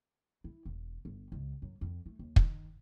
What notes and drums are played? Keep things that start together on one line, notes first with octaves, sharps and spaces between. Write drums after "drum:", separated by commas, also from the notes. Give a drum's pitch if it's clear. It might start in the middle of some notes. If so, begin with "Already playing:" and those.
E4
E1
G1
C#2
F#2
F2
A3
D#2
D#3, drum: kick